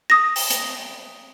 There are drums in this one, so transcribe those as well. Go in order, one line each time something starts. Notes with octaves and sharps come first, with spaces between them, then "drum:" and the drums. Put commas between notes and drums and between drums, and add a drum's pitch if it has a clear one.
D#6 A#6
drum: open hi-hat
drum: hi-hat